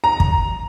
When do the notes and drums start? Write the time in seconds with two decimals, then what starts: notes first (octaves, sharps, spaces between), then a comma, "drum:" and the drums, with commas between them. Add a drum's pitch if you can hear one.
0.04 A#5
0.20 drum: kick